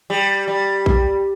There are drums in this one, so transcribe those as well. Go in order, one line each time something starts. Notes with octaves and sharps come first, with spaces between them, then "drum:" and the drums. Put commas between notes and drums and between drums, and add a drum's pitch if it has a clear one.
G3
G3
drum: kick A#1